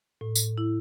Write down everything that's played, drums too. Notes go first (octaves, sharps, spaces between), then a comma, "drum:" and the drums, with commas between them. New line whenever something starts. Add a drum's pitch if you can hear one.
A2
drum: tambourine
E4